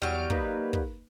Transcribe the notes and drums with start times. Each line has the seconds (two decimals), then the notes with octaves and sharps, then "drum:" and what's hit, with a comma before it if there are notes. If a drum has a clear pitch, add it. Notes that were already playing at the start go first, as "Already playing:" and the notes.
0.02 E2 F#3 G3 F6 D7
0.30 A#3 D#4 B4, drum: kick
0.73 drum: kick